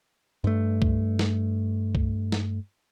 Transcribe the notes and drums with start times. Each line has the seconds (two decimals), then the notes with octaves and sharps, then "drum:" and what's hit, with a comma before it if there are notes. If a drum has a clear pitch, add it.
0.44 G2 A3
0.82 drum: kick C2
1.19 drum: snare
1.95 drum: kick C2
2.32 drum: snare